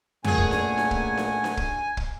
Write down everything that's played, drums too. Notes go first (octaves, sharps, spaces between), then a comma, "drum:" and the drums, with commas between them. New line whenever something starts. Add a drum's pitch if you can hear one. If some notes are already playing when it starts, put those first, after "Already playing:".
A#2 A3 C#4 G#4 F#5 G#5, drum: tom F2
drum: kick
drum: snare D4
drum: snare D4
drum: kick
drum: snare D4
drum: snare D4
drum: kick
drum: kick